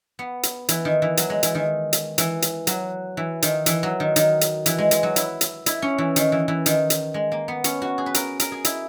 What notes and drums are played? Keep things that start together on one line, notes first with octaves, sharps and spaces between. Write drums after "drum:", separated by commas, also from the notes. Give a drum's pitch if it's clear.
B3
drum: hi-hat
E3, drum: hi-hat
D#3
E3
F#3, drum: hi-hat
G#3
E3, drum: hi-hat
D#3
drum: hi-hat
E3, drum: hi-hat
drum: hi-hat
F#3, drum: hi-hat
E3
D#3, drum: hi-hat
E3, drum: hi-hat
F#3
D#3
D#3, drum: hi-hat
drum: hi-hat
E3, drum: hi-hat
G#3
G#3, drum: hi-hat
F#3
E4, drum: hi-hat
drum: hi-hat
E4, drum: hi-hat
C#4
E3
D#3, drum: hi-hat
E3
E3
D#3, drum: hi-hat
drum: hi-hat
G#3
A#3
B3
C#4, drum: hi-hat
F#4
G#4
B4
A#4, drum: hi-hat
A#4, drum: hi-hat
G#4
E4, drum: hi-hat